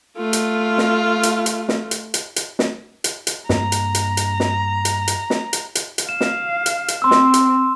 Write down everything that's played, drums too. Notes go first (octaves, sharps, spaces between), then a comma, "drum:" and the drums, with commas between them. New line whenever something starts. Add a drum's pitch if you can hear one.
A3 F4
drum: hi-hat
drum: snare
drum: hi-hat
drum: hi-hat
drum: snare
drum: hi-hat
drum: hi-hat
drum: hi-hat
drum: snare
drum: hi-hat
drum: hi-hat
G2 A#3 A#5, drum: snare
drum: hi-hat
drum: hi-hat
drum: hi-hat
drum: snare
drum: hi-hat
drum: hi-hat
drum: snare
drum: hi-hat
drum: hi-hat
drum: hi-hat
F5 E7
drum: snare
drum: hi-hat
drum: hi-hat
C4 C6 E6
drum: snare
drum: hi-hat